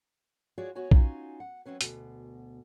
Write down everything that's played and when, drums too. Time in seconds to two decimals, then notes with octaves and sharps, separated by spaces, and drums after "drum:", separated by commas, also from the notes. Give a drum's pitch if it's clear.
0.58 F4 F#4 G#4 C#5 D5
0.75 B3 F#4 C#5 G#5
0.91 C#4 D#4 F4 F#4 G#5, drum: kick A#1
1.40 F#5
1.66 F#3 G#3 C4 C#4 B4
1.81 D2 B2, drum: hi-hat